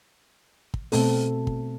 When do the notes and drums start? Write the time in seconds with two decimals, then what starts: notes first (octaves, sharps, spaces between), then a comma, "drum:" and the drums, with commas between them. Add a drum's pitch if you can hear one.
0.74 drum: kick
0.92 B2 A3 C4 A4, drum: open hi-hat
1.47 drum: kick